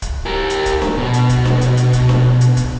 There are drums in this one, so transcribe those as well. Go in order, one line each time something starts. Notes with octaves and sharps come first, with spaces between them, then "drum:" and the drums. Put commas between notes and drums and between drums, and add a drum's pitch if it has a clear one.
drum: kick, hi-hat
G4 A#4
drum: hi-hat
drum: kick, hi-hat
drum: snare D4
B2
drum: hi-hat
drum: kick, hi-hat
drum: snare D4
drum: hi-hat
drum: hi-hat
drum: kick, hi-hat
drum: snare D4
drum: hi-hat
drum: kick, hi-hat